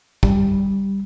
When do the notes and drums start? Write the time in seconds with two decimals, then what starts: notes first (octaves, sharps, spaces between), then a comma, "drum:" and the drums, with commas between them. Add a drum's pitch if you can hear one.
0.23 G3, drum: kick